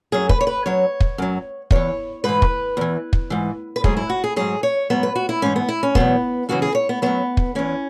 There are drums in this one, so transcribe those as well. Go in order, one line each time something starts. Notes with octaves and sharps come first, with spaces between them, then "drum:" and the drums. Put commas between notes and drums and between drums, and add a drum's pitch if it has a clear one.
F#2 F#3 G#4
B4, drum: kick
C#5
B4
F#2 F#3 C#5
drum: kick
F#2 F#3
E2 E3 C#5, drum: kick
G#2 E3 B4
drum: kick
E2 E3
drum: kick
G#2 E3
B4
G#2 F#3 G#4, drum: kick
E4
F#4
G#4
G#2 F#3 G#4
C#5
G#2 F#3 B3
B4
F#4
E4
G#2 E3 C#4
B3
E4
C#4
E2 B2 F#3 B3, drum: kick
F#2 C#3 E3 F#4
G#4
C#5
B3
F#2 F#3 B3
drum: kick
E2 E3 C#4